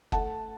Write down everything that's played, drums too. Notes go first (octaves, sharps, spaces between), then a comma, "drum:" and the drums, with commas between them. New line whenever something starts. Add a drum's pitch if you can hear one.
A3 F#5 A5, drum: kick F#1